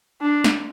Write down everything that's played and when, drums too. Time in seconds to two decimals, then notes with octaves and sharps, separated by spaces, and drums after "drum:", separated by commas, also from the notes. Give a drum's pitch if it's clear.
0.21 D4
0.44 drum: snare